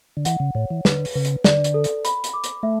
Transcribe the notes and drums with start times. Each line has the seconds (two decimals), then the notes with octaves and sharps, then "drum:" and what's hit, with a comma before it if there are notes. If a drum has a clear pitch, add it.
0.17 D3
0.25 E3 F#5, drum: hi-hat
0.40 C#3
0.55 A2 C#5
0.70 E3
0.85 D3 B4, drum: snare
1.05 drum: open hi-hat
1.15 C#3 B4
1.25 drum: hi-hat
1.44 D3 D5, drum: snare
1.64 drum: hi-hat
1.74 A4
1.84 drum: hi-hat
2.05 B5, drum: hi-hat
2.24 drum: hi-hat
2.34 D6
2.44 drum: hi-hat
2.63 A3 E5